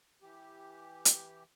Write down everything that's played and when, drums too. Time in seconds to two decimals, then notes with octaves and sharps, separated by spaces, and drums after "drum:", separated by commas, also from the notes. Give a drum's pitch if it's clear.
0.22 E3 G4
1.05 drum: hi-hat